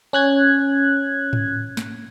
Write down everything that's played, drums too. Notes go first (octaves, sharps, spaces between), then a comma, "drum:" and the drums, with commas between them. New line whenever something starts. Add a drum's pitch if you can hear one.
C#4 F#6 G#6
drum: tom G#2
drum: snare